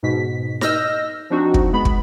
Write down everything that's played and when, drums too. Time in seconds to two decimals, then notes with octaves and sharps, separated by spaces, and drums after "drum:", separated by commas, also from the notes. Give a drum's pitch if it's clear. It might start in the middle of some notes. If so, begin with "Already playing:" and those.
0.03 G#2 B2 B6
0.61 D#5 E6 F6 G6 A#6, drum: snare D#4
1.30 F3 C4 D4 D#4 F#4
1.54 drum: kick
1.73 G#3 B3 B5
1.85 drum: kick